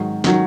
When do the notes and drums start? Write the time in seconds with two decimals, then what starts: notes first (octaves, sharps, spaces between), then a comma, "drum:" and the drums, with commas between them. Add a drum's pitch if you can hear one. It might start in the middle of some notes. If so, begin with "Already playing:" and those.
Already playing: G#2 D#3 F#3
0.24 D#3 F#3, drum: snare